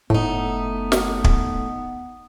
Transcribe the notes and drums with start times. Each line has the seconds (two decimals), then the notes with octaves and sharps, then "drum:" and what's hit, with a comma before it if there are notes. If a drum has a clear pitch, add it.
0.10 F#1 A2 A3 B3 D#4
0.92 drum: snare
1.24 drum: kick